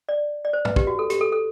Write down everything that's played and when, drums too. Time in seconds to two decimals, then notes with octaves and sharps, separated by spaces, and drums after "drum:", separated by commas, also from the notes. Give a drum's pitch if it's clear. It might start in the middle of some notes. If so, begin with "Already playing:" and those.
0.09 D5
0.45 D5
0.53 C5
0.65 B4, drum: tom
0.76 G4, drum: kick
0.87 F#4
0.99 A4
1.10 G4, drum: hi-hat
1.21 A4
1.32 A4